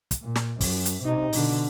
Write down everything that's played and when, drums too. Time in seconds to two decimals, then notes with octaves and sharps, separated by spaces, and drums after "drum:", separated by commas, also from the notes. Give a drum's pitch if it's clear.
0.11 drum: kick, hi-hat
0.22 A#2
0.36 drum: snare
0.61 F#2, drum: kick, open hi-hat
0.85 drum: hi-hat
1.03 C3 D#4
1.33 B2 D3, drum: open hi-hat